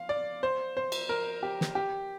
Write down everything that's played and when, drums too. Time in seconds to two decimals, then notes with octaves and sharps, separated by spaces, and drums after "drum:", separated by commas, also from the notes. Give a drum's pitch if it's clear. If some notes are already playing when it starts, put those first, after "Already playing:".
Already playing: F5
0.09 D5
0.43 C5
0.77 C5
0.92 drum: cymbal
1.09 A#4
1.43 G4
1.61 drum: snare
1.75 G4